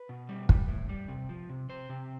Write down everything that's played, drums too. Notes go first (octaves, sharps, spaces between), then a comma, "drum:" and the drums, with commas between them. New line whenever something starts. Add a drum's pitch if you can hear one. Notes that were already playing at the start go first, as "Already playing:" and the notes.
Already playing: B4
B2
G3
G3, drum: kick
A2
G3
C3
F3
C3
C3 C5
C3